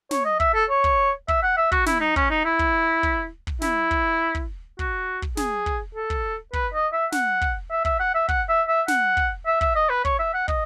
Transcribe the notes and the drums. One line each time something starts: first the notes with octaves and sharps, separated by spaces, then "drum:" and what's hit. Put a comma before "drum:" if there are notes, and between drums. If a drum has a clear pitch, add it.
C#5, drum: snare
D#5
E5, drum: kick
A4
C#5
drum: kick
E5, drum: kick
F#5
E5
F#4, drum: kick
E4, drum: snare
D#4
C#4, drum: kick
D#4
E4
drum: kick
drum: kick
drum: kick
E4, drum: snare
drum: kick
drum: kick
F#4, drum: kick
drum: kick
G#4, drum: snare
drum: kick
A4
drum: kick
B4, drum: kick
D#5
E5
F#5, drum: snare
drum: kick
E5
E5, drum: kick
F#5
E5
F#5, drum: kick
E5
E5
F#5, drum: snare
drum: kick
E5
E5, drum: kick
D#5
B4
C#5, drum: kick
E5
F#5
D#5, drum: kick